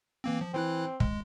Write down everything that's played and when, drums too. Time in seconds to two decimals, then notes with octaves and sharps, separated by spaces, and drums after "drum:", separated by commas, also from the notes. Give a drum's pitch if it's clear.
0.24 E3 A#3 C4
0.41 F3
0.54 E3 C4 E4 F#6
1.00 G#3, drum: kick